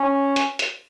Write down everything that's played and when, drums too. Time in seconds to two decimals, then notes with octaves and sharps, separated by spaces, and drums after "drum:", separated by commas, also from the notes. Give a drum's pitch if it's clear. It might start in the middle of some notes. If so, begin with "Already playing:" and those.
Already playing: C#4
0.36 drum: hi-hat
0.59 drum: hi-hat